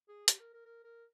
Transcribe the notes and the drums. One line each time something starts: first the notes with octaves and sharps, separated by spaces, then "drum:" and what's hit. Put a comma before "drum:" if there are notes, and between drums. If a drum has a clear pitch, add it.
G#4
G4, drum: hi-hat
A#4
A#4
A#4
A#4